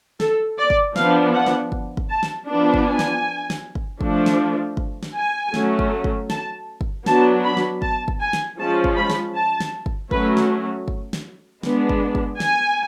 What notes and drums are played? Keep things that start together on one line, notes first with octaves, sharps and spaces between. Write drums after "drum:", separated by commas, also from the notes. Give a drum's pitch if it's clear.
A4, drum: snare
D5
drum: kick
F3 B3 D4 F5, drum: snare
F#5
drum: snare
drum: kick
drum: kick
A5
drum: snare
F3 B3 D4
drum: kick
G#5
drum: snare
drum: snare
drum: kick
F3 A3 D4, drum: kick
drum: snare
drum: kick
drum: snare
G#5
F#3 A3 C#4, drum: snare
drum: kick
drum: kick
A5, drum: snare
drum: kick
F#3 B3 D4 A5, drum: snare
B5
drum: snare
A5, drum: kick
drum: kick
G#5
drum: snare
F3 G#3 C#4 A5
drum: kick
B5
drum: snare
A5
drum: snare
drum: kick
F#3 A3 C#4 B4, drum: kick
drum: snare
drum: kick
drum: snare
G#3 B3 D4, drum: snare
drum: kick
drum: kick
G#5, drum: snare